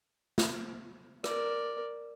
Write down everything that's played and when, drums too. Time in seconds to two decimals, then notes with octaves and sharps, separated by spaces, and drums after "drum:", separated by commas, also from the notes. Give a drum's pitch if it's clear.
0.38 drum: snare
1.24 A#4 D5, drum: rim click